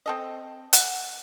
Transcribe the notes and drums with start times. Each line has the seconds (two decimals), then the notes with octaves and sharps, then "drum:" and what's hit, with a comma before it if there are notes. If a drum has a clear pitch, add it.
0.06 C4 A4 D#5
0.73 F#5, drum: hi-hat